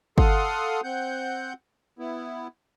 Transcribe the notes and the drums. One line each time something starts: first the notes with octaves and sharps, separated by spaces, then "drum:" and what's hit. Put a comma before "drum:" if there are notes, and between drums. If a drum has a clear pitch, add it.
A4 F5 F#5 C6 D#6, drum: kick
C4 F#5 G6
B3 E4